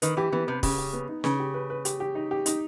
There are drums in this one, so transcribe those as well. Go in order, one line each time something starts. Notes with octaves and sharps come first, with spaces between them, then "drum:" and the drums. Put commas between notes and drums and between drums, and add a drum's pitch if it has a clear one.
D#3 B4, drum: hi-hat
E3 G4
E3 B3
C3 B4
C#3 G4, drum: kick, open hi-hat
G4
B3
D#4
C#3 B4, drum: snare
G4
B4
B4
G4, drum: hi-hat
G4
D#4
G4
D#4, drum: hi-hat